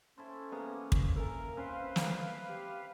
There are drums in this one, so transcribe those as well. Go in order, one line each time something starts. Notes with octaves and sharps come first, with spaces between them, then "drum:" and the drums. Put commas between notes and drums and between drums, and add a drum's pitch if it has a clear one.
C#4 E4 A4 C5
E3 A#3 B3 G#4 A#5
drum: kick
C#4 A4 A#4
C4 C#4 B4 C5 F5
drum: snare
G4